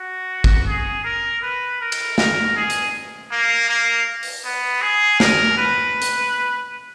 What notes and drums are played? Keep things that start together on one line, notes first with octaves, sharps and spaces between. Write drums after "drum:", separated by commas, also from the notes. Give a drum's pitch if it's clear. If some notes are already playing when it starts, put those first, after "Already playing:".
Already playing: F#4
drum: kick
G#4
A#4
B4
A#4
drum: cymbal
A#4, drum: snare
G#4
drum: hi-hat
A#3
A#3
drum: open hi-hat
B3
G#4
A#4, drum: snare
B4
drum: hi-hat